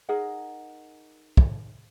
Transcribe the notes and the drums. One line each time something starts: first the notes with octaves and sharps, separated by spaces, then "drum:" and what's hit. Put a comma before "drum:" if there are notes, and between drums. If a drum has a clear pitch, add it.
D#4 G#4 A#4 F#5
drum: kick